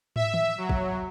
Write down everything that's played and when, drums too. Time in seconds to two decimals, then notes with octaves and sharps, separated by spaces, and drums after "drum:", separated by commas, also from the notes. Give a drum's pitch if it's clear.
0.16 E5, drum: tom
0.34 drum: tom D#3
0.58 F#3
0.69 drum: kick